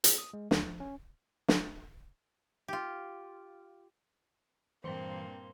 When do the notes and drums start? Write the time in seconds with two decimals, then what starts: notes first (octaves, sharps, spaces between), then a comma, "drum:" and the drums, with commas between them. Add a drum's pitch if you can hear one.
0.04 G#4, drum: hi-hat
0.18 D#6
0.33 G#3
0.51 D2, drum: snare
0.67 F3
0.80 C#4
1.48 drum: snare
2.68 F4 G4
4.84 G2 A#2 E3 A#3 C4 C5 C6 G7